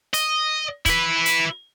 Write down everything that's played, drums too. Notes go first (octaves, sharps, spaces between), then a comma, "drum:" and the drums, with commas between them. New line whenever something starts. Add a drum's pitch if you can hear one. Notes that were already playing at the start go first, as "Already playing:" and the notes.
D#5, drum: hi-hat
E4 B4, drum: kick, hi-hat
drum: hi-hat